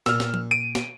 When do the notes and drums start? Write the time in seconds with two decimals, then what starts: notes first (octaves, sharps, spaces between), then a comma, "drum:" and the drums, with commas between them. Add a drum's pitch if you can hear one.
0.06 A#2 E6 F6, drum: snare
0.20 drum: snare
0.34 drum: tom F3
0.51 D7 D#7
0.75 drum: snare